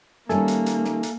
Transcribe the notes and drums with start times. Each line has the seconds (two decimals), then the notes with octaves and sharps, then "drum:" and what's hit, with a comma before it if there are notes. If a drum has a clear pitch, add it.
0.29 D#3 G3 A#3 C#4 A4 E5 G#5, drum: snare
0.48 drum: hi-hat
0.66 drum: hi-hat
0.85 drum: snare
1.03 drum: hi-hat